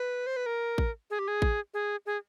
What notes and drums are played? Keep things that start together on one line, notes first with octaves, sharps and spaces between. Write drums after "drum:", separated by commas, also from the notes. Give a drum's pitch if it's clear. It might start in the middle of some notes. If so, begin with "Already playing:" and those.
Already playing: B4
C5
B4
A#4
drum: kick A1
G#4
G4
G#4
drum: kick A1
G#4
G#4